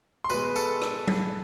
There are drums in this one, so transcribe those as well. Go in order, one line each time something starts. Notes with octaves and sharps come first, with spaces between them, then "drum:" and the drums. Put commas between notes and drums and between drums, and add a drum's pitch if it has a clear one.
C6
B2 G#3 B4 B5, drum: tambourine
A4 A5, drum: tambourine
drum: rim click
drum: tom F#3